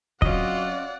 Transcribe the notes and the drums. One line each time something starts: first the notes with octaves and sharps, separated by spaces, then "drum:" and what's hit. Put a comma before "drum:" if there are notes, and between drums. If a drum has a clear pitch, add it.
F#3 C4 C#4 F4 D5 D#5 F#5, drum: kick